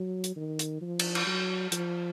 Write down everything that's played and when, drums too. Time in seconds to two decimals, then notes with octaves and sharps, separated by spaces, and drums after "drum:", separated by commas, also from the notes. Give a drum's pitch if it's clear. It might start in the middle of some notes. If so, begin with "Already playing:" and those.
Already playing: F#3
0.24 drum: hi-hat
0.37 D#3
0.59 drum: hi-hat
0.81 F3
0.99 drum: cymbal
1.15 drum: cymbal
1.27 F#3
1.72 F3, drum: hi-hat